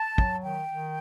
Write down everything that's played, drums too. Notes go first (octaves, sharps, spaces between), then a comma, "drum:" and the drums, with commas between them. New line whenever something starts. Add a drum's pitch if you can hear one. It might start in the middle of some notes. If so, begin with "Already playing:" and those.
Already playing: A5
F#3, drum: kick
D#3 G5
D#3